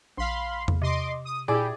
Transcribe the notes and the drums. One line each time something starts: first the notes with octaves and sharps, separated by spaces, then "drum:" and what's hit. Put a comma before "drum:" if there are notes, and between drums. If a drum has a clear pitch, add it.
A#1 F5 B5 C6
drum: tom E2
C3 D#5 C6 D6
D#6
A#2 E4 G4 G#4 D5